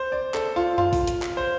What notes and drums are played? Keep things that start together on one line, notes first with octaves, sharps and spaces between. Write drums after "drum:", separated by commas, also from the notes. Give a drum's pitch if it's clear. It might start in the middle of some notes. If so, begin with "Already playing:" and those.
Already playing: C5
D5
A4, drum: clap
F4
F4, drum: tom F#2
drum: kick A1, open hi-hat
drum: hi-hat
drum: clap
C5